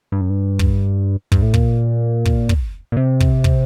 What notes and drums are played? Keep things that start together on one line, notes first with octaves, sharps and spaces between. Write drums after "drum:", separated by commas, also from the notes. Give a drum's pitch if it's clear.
G2
F#2
G2
drum: kick
G2, drum: kick
A2
A#2, drum: kick
drum: kick
drum: kick
A#2
C3
drum: kick
drum: kick